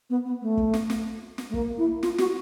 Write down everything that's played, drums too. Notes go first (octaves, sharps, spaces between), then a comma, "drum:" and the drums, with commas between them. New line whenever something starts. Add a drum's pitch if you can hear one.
B3
B3
A3
drum: kick
drum: snare
drum: snare
drum: snare
A3
A#3, drum: kick
E4
F4, drum: snare
F#4, drum: snare